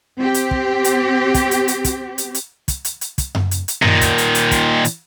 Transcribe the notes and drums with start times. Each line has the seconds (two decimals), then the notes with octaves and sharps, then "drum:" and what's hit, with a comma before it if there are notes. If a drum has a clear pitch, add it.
0.18 C4 G4
0.34 drum: hi-hat
0.51 drum: kick
0.84 drum: hi-hat
1.34 drum: kick, hi-hat
1.51 drum: hi-hat
1.68 drum: hi-hat
1.84 drum: kick, hi-hat
2.18 drum: hi-hat
2.35 drum: hi-hat
2.68 drum: kick, hi-hat
2.85 drum: hi-hat
3.01 drum: hi-hat
3.18 drum: kick, hi-hat
3.35 drum: tom F#2
3.51 drum: hi-hat
3.68 drum: hi-hat
3.82 A#2 D#3, drum: tom F#2
4.01 drum: kick, hi-hat
4.18 drum: hi-hat
4.35 drum: hi-hat
4.51 drum: kick, hi-hat
4.85 drum: hi-hat